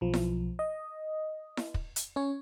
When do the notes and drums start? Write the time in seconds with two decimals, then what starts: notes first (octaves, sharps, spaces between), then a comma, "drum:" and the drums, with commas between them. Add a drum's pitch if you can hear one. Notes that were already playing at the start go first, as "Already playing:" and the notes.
0.01 B1 F3
0.14 drum: snare E4
0.59 D#5
1.57 drum: snare E4
1.74 drum: kick
1.96 drum: hi-hat
2.16 C#4 C#5